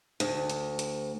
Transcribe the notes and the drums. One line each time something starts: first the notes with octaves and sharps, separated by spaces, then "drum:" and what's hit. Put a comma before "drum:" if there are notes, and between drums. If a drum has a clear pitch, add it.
D2, drum: hi-hat
drum: hi-hat
drum: hi-hat